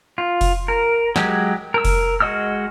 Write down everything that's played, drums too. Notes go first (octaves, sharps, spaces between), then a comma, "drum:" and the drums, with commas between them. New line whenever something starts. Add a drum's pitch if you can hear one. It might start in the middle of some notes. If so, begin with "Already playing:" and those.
F4
drum: kick F1, open hi-hat
A#4
F#3 G#3 G4, drum: snare
A#4 E6
drum: kick F1, open hi-hat
G#3 F#4 D#5 E6 F6